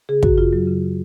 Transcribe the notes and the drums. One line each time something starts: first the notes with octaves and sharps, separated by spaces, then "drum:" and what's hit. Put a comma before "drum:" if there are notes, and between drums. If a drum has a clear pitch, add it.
C#3 G#4
F#2 F#4, drum: kick
F#2 F4
F#3
C#3
C#3